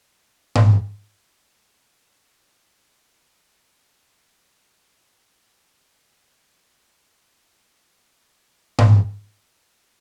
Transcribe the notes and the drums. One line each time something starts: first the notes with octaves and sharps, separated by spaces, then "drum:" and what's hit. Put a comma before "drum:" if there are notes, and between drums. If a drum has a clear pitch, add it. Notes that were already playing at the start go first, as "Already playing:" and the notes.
drum: tom G#2
F#4 D5 A#5 G6
A#3 G4
D4 G#4 E5 G5 A#5
F6
A3 D#4 F4
F5 F#5 A5 C6 C#6 F6
drum: tom G#2
A3